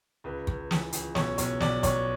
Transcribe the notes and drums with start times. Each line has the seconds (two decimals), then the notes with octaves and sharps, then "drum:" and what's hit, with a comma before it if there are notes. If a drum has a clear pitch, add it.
0.24 C#2 B4
0.47 C#2, drum: kick
0.71 E3, drum: snare
0.93 C#2, drum: hi-hat
1.15 B1 C#5, drum: snare
1.38 B1 C#5, drum: hi-hat
1.60 B1 D5, drum: snare
1.83 B1 C#5, drum: kick, hi-hat